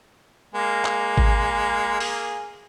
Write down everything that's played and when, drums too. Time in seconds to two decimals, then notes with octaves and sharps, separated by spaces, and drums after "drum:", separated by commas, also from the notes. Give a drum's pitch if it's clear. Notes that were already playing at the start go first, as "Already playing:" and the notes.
0.54 G#3 A#3
0.85 drum: clap
1.17 drum: kick G#1
2.00 G#4, drum: open hi-hat